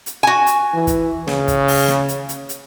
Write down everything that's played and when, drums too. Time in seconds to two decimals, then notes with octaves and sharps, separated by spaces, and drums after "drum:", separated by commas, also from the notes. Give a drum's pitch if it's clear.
0.06 drum: hi-hat
0.23 F#4 G#5
0.47 drum: hi-hat
0.74 E3
0.87 drum: kick, hi-hat
1.27 C#3, drum: snare
1.48 drum: kick, hi-hat
1.68 drum: open hi-hat
1.88 drum: snare
2.08 drum: hi-hat
2.29 drum: hi-hat
2.49 drum: hi-hat